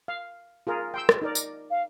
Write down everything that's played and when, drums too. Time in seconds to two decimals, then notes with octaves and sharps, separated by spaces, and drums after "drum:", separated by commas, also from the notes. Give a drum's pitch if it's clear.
0.08 F5
0.67 F4 G#4 A#4
0.94 G5 C6 E6
1.09 drum: rim click
1.22 D#4 A#4 D5
1.35 drum: tambourine
1.70 F5